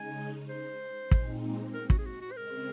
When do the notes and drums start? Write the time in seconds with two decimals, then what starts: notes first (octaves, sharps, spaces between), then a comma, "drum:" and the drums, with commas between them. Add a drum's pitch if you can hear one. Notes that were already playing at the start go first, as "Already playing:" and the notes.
Already playing: C#3 G#3 D#4 G#5
0.49 C5
1.11 A#2 G#3 C4 D#4, drum: kick
1.74 A#4
1.90 F#4, drum: kick
1.99 G#4
2.06 F#4
2.21 F#4
2.32 C5
2.37 C#3 G#3 C4 A#4